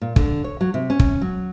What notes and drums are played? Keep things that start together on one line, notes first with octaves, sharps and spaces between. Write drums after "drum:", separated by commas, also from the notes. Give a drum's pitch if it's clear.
A#2
D3, drum: kick
C#5
F#3
C3
C#4
drum: kick
F#3